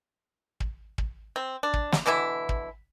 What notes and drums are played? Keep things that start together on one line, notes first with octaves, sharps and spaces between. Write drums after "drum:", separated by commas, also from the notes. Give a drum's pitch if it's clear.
drum: kick
drum: kick
C4
D4
drum: kick
drum: snare
B2 D3 E3 E4
drum: kick